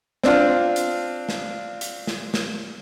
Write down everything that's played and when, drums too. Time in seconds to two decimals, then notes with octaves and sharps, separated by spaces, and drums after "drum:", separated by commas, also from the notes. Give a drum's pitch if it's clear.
0.23 C4 D4 F4, drum: snare
0.76 drum: hi-hat
1.29 drum: snare
1.81 drum: hi-hat
2.07 drum: snare
2.34 drum: snare